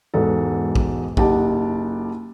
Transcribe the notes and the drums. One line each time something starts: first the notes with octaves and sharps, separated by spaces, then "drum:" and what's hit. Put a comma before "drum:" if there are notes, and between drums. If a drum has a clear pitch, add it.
E1 G#2 B3 A4
drum: kick
F#1 D#4 G4 F#5 A5, drum: kick